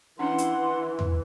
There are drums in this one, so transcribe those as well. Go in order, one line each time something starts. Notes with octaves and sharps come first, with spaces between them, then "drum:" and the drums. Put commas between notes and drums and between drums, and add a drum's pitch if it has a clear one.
E3 C#4 D4 F#5 C6
drum: hi-hat
drum: tom